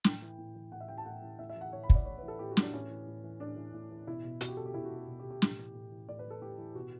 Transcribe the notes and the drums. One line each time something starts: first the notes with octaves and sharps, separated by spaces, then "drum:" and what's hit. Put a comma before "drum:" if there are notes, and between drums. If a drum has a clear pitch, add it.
A2 G5, drum: snare
E3
A2
E3
A2 F#5
E5
E3 G5
A5
A2 F#5
E3
A2 E5
E5
E3 F#5
A2 C#5
B5
E3, drum: kick
D5
A2 C#5
B4
E3
A4
A2 G4
F#4
E3, drum: snare
D4
A2 C#4
E3
A2
E3
A2 D4
E3
A2
E3
B2 E4
B2
B2 F#4, drum: hi-hat
G4
B2 A4
G4
B2 E4
F#4
B2
G4
B2
G4
B2
G4
A2, drum: snare
E3
A2
E3
A2 D5
B4
E3 A4
A2 G4
E3
B2 F#4